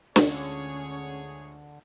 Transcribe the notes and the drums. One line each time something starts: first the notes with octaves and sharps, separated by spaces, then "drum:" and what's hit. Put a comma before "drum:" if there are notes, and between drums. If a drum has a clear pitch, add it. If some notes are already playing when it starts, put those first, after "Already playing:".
D2 D3 G#3 C#4 F4 G#4 C#5, drum: snare